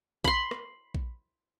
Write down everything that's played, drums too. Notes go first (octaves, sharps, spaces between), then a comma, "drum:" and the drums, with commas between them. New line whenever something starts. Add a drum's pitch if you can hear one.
B5 C6, drum: kick A#1
drum: rim click
drum: kick A#1